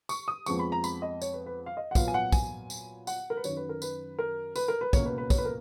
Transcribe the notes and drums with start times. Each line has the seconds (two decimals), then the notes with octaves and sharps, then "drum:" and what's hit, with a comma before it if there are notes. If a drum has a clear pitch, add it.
0.09 C#6, drum: tambourine
0.28 D#6
0.46 F2 F3 G#3 B3 C#6, drum: tambourine
0.59 B5
0.72 A#5
0.84 B5, drum: tambourine
1.02 D#5
1.22 C#5, drum: tambourine
1.33 B4
1.46 B4
1.66 F5
1.77 D#5
1.91 F#5
1.95 A#2 F#3 B3 F4 F5, drum: kick, tambourine
2.08 G#5
2.14 F#5
2.32 G#5, drum: kick, tambourine
2.70 drum: tambourine
3.07 F#5, drum: tambourine
3.30 A#4
3.37 B4
3.44 F#2 D#3 F#3 C#5, drum: tambourine
3.57 B4
3.69 A#4
3.82 B4, drum: tambourine
4.19 A#4
4.56 B4, drum: tambourine
4.68 A#4
4.81 B4
4.93 C#2 B2 A#3 C#4 C#5, drum: kick, tambourine
5.06 B4
5.18 B4
5.30 C#5, drum: kick, tambourine
5.38 B4
5.45 A#4